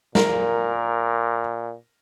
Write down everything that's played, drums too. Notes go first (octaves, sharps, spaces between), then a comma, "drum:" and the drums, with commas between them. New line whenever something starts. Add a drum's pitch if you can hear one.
A#2 A#4, drum: snare